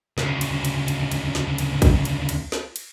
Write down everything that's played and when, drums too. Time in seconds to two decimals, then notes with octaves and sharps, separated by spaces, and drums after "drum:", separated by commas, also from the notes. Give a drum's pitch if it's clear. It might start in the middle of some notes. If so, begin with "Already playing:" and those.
0.18 D2 C#3, drum: snare
0.41 drum: cymbal
0.65 drum: cymbal
0.88 drum: cymbal
1.12 drum: cymbal
1.35 drum: snare
1.58 drum: cymbal
1.82 drum: kick, cymbal
2.05 drum: cymbal
2.29 drum: cymbal
2.52 drum: snare
2.76 drum: cymbal